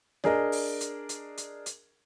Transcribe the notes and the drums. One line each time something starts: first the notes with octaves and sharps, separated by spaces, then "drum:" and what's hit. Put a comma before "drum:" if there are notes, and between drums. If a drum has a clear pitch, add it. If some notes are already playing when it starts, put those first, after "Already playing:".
D4 G#4 A#4 D#5, drum: snare A#3
drum: open hi-hat
drum: hi-hat
drum: hi-hat
drum: hi-hat
drum: hi-hat